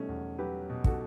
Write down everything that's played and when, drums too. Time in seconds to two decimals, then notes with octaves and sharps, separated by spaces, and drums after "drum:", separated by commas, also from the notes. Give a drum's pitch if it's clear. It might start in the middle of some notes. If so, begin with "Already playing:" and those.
Already playing: B2 F#3 G3 A3 C#4
0.09 E2
0.39 F#3 G4 B4
0.70 B2
0.84 F#4 A4, drum: kick